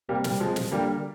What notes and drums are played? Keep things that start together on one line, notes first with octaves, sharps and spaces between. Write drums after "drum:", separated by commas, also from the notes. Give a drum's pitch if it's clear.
C3 G3 A#3
G3, drum: snare
C3 F3 G#3
drum: snare
D3 G3 A#3